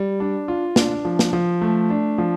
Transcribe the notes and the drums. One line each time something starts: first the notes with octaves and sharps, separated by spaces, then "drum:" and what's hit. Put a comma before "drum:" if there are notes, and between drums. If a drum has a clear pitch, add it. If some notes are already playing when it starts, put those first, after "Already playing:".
Already playing: G3
D4
F4
D4, drum: snare
F3
drum: snare
F3
A3
D4
F3